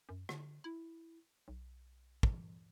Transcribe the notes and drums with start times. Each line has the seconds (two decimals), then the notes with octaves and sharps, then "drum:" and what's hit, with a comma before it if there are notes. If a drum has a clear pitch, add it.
0.09 F#2
0.29 D3, drum: rim click
0.64 E4
1.48 B1
2.23 drum: kick